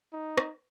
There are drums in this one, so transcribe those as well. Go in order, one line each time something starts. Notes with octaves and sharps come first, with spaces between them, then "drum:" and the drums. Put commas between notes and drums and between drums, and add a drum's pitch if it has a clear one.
D#4
drum: rim click